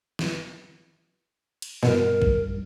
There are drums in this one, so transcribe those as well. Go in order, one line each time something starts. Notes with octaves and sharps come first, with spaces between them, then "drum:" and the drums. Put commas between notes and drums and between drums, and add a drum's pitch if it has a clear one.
drum: snare
drum: cymbal
G2 B2 A#4, drum: snare
drum: kick A#1